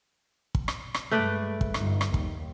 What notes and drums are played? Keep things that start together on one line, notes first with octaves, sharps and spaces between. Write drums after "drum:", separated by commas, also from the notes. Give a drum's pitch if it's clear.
drum: kick
drum: rim click
drum: rim click
G2 G#3 A3 B4 D5
drum: kick
G1 D#4, drum: rim click
drum: rim click
D#2, drum: kick